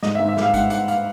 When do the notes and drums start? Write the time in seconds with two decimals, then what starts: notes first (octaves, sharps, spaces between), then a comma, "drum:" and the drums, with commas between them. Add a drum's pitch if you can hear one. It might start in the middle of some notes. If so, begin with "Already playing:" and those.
0.03 G#2 D#5, drum: snare
0.15 E5
0.19 G#2
0.29 E5
0.37 G3 F5, drum: snare
0.54 G#2 F#5, drum: kick A1, hi-hat
0.70 G#2 F#5, drum: hi-hat
0.88 F5, drum: hi-hat